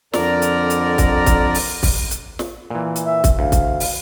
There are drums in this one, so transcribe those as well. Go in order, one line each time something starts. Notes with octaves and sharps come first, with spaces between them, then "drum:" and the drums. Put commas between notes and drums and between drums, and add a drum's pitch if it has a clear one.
F2 D3 A#4 D5 A#5, drum: snare
drum: hi-hat
drum: hi-hat
drum: kick, hi-hat
drum: kick, hi-hat
drum: open hi-hat
drum: kick, open hi-hat
drum: hi-hat
drum: snare
A#2 E3
drum: hi-hat
E5
drum: kick, hi-hat
D2 F5
drum: kick, hi-hat
drum: open hi-hat